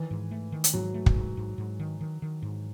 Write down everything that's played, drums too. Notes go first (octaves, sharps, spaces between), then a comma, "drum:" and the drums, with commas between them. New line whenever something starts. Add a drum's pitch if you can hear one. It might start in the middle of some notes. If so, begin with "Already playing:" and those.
Already playing: D#3 E3
G#2
A3
D#3
drum: hi-hat
G#2 F#3
A3
drum: kick
G#2
G#2
G#2
D#3
D#3
D#3
G#2